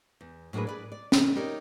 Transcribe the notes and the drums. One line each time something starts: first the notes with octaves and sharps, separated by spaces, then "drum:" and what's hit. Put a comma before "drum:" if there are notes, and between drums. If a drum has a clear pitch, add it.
E2
A2 F#3 A#3 D4 G#4 B4
G#4 B4 D5
D5
D#3 F5, drum: snare
D#4 G4 A#4 C#5 D5